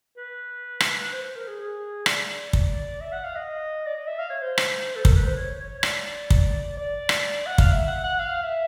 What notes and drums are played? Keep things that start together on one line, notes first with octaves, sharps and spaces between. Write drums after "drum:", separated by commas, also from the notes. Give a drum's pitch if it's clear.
B4
drum: rim click
C5
C5
A#4
G#4
G#4
D5, drum: rim click
drum: kick
E5
F#5
F5
D#5
D5
D#5
E5
F5
C#5
C5
drum: rim click
A4
A#4, drum: kick
B4
C5
C#5
C#5
C#5
D5, drum: rim click
drum: kick
D5
drum: rim click
F#5
F5, drum: kick
E5
F#5
F#5
F5
E5